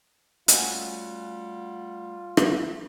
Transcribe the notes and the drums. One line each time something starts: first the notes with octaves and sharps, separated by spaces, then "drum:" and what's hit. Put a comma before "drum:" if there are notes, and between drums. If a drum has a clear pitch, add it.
G3 A3 C#4 F4 F#4 F#5 G#5, drum: hi-hat
drum: rim click